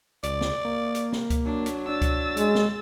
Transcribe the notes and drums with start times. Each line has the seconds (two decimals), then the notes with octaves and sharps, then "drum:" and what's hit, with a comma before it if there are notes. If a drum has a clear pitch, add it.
0.23 C#2 D5, drum: hi-hat
0.41 drum: snare
0.65 A#3
0.95 drum: hi-hat
1.12 drum: snare
1.30 drum: kick C#2, hi-hat
1.46 F#3 D4
1.66 drum: hi-hat
1.88 D4 E6 A6
2.02 drum: kick C#2, hi-hat
2.37 G#3, drum: hi-hat
2.55 drum: snare